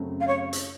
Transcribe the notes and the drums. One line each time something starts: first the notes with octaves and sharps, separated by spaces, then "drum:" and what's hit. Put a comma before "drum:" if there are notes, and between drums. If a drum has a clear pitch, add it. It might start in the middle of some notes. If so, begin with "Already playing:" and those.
Already playing: F#2 C#3 F#3 A3 C4
F5
C#5
drum: hi-hat